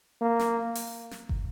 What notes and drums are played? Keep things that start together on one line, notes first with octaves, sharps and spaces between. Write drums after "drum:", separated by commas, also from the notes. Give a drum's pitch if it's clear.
A#3
drum: snare
drum: open hi-hat
drum: snare
drum: kick